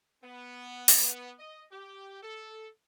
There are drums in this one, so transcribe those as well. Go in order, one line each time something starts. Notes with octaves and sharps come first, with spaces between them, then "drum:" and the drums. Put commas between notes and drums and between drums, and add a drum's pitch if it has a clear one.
B3
drum: open hi-hat
D#5
G4
A4